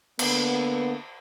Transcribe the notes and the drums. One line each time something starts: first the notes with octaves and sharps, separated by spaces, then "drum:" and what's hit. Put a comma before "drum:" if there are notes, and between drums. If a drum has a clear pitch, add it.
D3 A#3 B3, drum: cymbal